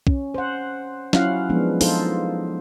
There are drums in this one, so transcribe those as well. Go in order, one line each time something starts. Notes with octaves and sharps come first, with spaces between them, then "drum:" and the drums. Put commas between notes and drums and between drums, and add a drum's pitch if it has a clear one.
C#4, drum: kick
C5 F#5
F#3 C#4 E4 F4 F5 F#5, drum: snare
F3 G#3 B3 D4
D#4 F4 A4 C5, drum: open hi-hat